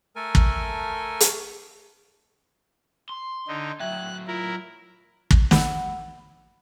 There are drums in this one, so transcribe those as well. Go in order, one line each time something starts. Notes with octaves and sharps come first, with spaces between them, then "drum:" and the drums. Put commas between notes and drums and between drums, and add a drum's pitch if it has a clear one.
A3 A4 A#4 G#5
drum: kick
drum: hi-hat
C6
D3 D#4
A2 F#3 E5 G5 F#6 G#6
E4 F4 A#4
drum: kick
F#5 B5 C#6 E6, drum: snare